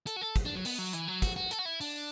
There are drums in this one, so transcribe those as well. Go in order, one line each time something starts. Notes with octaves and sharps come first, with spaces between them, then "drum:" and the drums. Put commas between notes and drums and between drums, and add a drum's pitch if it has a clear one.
A4, drum: hi-hat
F#4
A4
drum: kick, hi-hat
D4
F#3
B3, drum: open hi-hat
F#3
E3, drum: hi-hat
F#3
F#4, drum: kick, hi-hat
F#4
A4, drum: hi-hat
F#4
E4
D4, drum: open hi-hat